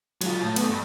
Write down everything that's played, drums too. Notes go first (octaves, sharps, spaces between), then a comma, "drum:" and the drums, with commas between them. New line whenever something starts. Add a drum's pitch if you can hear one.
F#3 F4, drum: cymbal
A2
A3 B3, drum: cymbal
G2